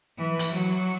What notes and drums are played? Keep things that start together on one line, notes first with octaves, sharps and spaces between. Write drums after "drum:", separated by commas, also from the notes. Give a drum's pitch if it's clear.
E3
drum: hi-hat
F#3